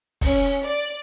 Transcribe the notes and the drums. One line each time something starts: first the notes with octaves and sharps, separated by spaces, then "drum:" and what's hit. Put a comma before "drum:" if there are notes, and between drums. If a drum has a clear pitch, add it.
C#4, drum: kick, open hi-hat
drum: hi-hat
D5